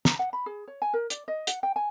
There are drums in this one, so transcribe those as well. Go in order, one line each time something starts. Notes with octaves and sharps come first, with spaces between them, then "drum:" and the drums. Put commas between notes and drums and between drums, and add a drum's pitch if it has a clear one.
A#5, drum: snare
F#5
B5
G#4
C#5
G#5
A#4
D5, drum: hi-hat
D#5
F#5, drum: hi-hat
G5
G#5